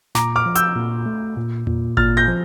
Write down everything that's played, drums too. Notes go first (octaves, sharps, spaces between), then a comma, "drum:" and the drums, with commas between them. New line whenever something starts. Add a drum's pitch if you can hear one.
A#2 A#5 D6, drum: snare
D6 F6
F3
E6 G6, drum: hi-hat
A#2
A3
A#2
A#2, drum: tom E2
A#2 F6 A6, drum: kick G#1
G6 A#6
F3